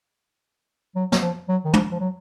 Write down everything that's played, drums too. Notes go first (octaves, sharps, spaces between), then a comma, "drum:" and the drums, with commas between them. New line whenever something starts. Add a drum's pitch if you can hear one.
F#3
F#3, drum: snare
F3
F#3
D#3
F3, drum: tom
F3
F#3